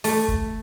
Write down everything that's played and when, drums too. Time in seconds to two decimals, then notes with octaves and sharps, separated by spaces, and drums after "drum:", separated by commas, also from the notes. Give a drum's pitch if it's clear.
0.04 A3, drum: open hi-hat
0.28 drum: kick